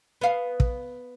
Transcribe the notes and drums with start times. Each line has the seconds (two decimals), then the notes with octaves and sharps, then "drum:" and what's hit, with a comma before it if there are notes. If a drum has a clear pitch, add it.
0.21 B3 F5
0.60 drum: kick